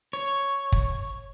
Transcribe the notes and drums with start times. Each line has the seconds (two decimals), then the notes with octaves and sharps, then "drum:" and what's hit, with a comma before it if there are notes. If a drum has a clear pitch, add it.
0.13 C#5
0.72 drum: kick